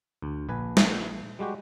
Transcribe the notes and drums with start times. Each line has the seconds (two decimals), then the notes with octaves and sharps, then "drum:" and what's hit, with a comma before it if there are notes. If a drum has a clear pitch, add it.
0.22 D2
0.49 A#1 B4 G#5
0.77 drum: snare
1.39 G3 G#3 F#4 G4